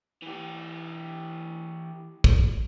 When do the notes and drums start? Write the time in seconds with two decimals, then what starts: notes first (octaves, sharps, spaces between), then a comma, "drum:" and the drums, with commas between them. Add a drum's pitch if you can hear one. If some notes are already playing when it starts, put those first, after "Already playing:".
0.22 E3 G4
2.24 drum: kick